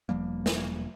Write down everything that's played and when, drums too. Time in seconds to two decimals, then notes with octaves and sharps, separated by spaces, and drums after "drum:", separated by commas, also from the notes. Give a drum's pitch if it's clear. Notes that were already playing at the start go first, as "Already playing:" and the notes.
0.09 E1 F3 G3 A#3
0.46 drum: snare